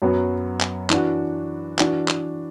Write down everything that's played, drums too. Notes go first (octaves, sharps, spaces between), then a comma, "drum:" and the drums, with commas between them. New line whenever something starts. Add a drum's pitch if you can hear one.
F#2 F#3 B3 F#4
drum: clap
E3 D4 F#4, drum: clap
E3 D4 F#4, drum: clap
drum: clap